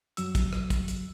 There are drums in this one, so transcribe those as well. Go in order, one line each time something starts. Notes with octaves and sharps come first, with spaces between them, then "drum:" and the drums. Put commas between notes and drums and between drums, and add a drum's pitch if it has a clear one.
F#2 F#3 E6, drum: hi-hat
drum: kick, hi-hat
drum: rim click
drum: kick, hi-hat
drum: hi-hat